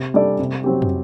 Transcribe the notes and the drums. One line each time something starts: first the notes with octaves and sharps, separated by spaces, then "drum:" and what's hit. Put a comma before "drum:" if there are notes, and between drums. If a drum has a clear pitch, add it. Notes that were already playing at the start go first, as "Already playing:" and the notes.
Already playing: C3
G3 D4 A4 D5
C3
F#3 C4 G4
drum: tom